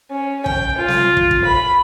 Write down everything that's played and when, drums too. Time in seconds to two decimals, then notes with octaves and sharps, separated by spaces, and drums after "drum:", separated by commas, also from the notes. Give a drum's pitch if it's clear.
0.11 C#4
0.46 G5, drum: kick
0.78 F4
0.88 drum: snare
1.17 drum: kick
1.31 drum: kick
1.45 B5